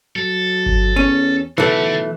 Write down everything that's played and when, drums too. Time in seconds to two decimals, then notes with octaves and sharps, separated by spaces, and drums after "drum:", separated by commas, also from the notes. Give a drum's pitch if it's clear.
0.16 F#3 A4
0.66 drum: kick G1
0.96 E2 C#4
1.58 B1 E3 A3 A4 F#5